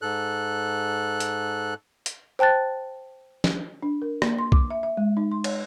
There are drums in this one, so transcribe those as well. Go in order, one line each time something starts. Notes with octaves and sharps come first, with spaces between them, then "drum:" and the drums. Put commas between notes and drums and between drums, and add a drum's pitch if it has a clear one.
G#2 A4 F#6
drum: hi-hat
drum: hi-hat
C5 G5 A5 F#6 A6
drum: snare
D4
A#4
A#3, drum: rim click
C6
D6, drum: kick B1
E5
E5
G#3
D#4
C6
C#5, drum: cymbal